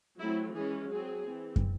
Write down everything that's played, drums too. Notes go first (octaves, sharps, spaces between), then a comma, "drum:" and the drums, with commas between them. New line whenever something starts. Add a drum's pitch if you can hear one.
F#3 A3 C4 E4
E3 G#3 C#4 G#4
F#3 C4 G#4
E3 C4
drum: kick